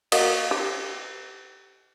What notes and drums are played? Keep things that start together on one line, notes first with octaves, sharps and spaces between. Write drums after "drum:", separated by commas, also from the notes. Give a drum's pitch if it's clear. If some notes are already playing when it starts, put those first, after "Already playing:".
A#3 F#4 D#5, drum: cymbal
G4